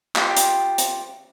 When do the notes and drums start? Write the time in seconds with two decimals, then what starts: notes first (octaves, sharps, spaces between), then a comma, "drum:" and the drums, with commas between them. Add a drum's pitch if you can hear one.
0.16 F4 G4 G5 C6, drum: clap
0.37 drum: hi-hat
0.78 drum: hi-hat